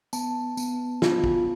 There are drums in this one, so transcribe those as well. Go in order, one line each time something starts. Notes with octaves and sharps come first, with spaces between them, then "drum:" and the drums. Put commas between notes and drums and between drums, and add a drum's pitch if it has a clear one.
B3 A5, drum: tambourine
B3, drum: tambourine
F4, drum: snare
drum: kick